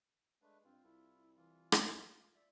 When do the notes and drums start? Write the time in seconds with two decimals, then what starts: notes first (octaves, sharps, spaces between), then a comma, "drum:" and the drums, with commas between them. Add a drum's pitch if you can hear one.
0.42 G#3 A3 D4 B4
0.64 G2 C4 F4
0.84 C2 E4
1.37 E3 F4
1.72 drum: rim click
2.35 D5 E5